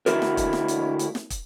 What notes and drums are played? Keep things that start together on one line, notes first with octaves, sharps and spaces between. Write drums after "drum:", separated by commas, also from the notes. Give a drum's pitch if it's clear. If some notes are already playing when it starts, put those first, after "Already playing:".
D2 E4 F#4 A#4, drum: hi-hat
drum: snare
drum: kick, hi-hat
drum: snare
drum: hi-hat
drum: hi-hat
drum: snare
drum: kick, hi-hat